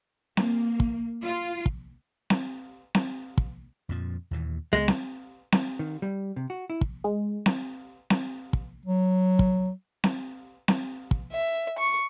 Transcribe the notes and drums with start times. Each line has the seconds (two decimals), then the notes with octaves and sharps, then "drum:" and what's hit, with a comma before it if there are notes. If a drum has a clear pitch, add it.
0.37 A#3, drum: snare C4
0.80 drum: kick
1.24 F4
1.66 drum: kick
2.30 drum: snare C4
2.95 drum: snare C4
3.38 drum: kick
3.89 F2 A#2 F3
4.31 D#2 A#2 E3
4.73 C#2 G#3 B3
4.88 drum: snare C4
5.52 drum: snare C4
5.79 D#3
6.02 G3
6.36 C3
6.50 F#4
6.70 E4
6.81 drum: kick
7.04 G#3
7.46 drum: snare C4
8.10 drum: snare C4
8.53 drum: kick
8.85 F#3
9.39 drum: kick
10.04 drum: snare C4
10.68 drum: snare C4
11.11 drum: kick
11.33 E5
11.79 C#6